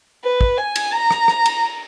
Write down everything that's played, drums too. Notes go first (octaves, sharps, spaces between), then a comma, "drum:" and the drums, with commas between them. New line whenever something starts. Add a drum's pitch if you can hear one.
B4
drum: kick
G#5
drum: cymbal
A#5
drum: rim click
drum: rim click
drum: cymbal